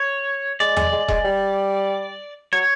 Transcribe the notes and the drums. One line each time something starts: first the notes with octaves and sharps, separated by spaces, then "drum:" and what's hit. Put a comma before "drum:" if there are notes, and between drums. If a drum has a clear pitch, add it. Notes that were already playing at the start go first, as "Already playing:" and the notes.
Already playing: C#5
G#3 D5
G#3, drum: tom E2
G#3
G#3, drum: kick E1
G3
F#3 C#5